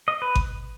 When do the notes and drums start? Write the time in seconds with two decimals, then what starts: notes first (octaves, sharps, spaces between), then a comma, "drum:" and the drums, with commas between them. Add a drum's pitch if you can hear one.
0.08 D#5
0.22 B4
0.35 drum: kick G#1